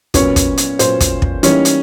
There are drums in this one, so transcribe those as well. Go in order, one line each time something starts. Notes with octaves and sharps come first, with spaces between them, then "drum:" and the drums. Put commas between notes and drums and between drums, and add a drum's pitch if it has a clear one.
A#2 F#3 B3 C#4 C#5, drum: kick, hi-hat
drum: kick, hi-hat
drum: hi-hat
A#2 F#3 B3 C5, drum: hi-hat
drum: kick, hi-hat
drum: kick
E3 G3 A#3 C#4 D#4 C#5, drum: hi-hat
drum: hi-hat